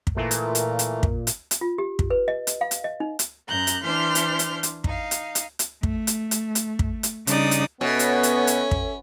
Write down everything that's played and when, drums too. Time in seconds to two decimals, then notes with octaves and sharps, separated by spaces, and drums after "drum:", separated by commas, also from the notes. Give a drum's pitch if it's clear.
0.07 drum: kick
0.16 A#2 E3 A3 A#4
0.31 drum: hi-hat
0.55 drum: hi-hat
0.79 drum: hi-hat
1.03 drum: kick
1.27 drum: hi-hat
1.51 drum: hi-hat
1.61 F4
1.78 G4
1.99 drum: kick
2.10 B4
2.28 D#5
2.47 drum: hi-hat
2.61 F5
2.71 drum: hi-hat
2.84 D#5
3.00 D#4
3.19 drum: hi-hat
3.48 F#2 A#5 F#6 G6
3.67 drum: hi-hat
3.83 E3 D4 C5 C6 F6 G6
4.15 drum: hi-hat
4.39 drum: hi-hat
4.63 drum: hi-hat
4.84 D#4 F5, drum: kick
5.11 drum: hi-hat
5.35 drum: hi-hat
5.59 drum: hi-hat
5.83 A3, drum: kick
6.07 drum: hi-hat
6.31 drum: hi-hat
6.55 drum: hi-hat
6.79 drum: kick
7.03 drum: hi-hat
7.27 C#3 G3 D4 D#4 D5 D#6, drum: hi-hat
7.51 drum: hi-hat
7.81 B2 B3 C#4 A4 C#5 E5
7.99 drum: hi-hat
8.23 drum: hi-hat
8.47 drum: hi-hat
8.71 drum: kick